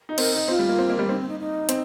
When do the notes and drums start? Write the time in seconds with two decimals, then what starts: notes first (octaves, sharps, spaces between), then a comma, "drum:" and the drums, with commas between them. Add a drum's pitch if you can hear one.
0.09 D#4
0.18 C4 A#4, drum: cymbal
0.33 D#4
0.48 C4 F4
0.59 G3
0.69 A#3
0.79 C4
0.89 A#3
0.99 G3
1.09 C4 D#4
1.20 C4
1.29 D#4
1.40 D#4
1.69 C4, drum: hi-hat